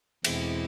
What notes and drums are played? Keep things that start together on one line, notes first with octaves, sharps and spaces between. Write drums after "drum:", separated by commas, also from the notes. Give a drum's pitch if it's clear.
E2 B2 G#3 C4 E4, drum: cymbal